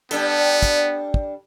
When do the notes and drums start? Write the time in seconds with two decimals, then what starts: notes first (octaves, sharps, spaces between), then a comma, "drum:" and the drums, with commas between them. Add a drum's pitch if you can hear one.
0.11 G3 B3 D4 A4, drum: hi-hat
0.63 drum: kick, hi-hat
1.14 drum: kick